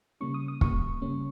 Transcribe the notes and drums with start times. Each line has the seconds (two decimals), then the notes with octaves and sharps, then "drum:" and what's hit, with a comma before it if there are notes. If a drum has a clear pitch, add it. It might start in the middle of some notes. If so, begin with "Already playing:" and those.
0.21 C#3 G3 A#3 C#4 C#6
0.34 D#6
0.48 D#6
0.61 G2 G3 A#3 C#6, drum: kick
1.01 C#3 G3 A#3 C#4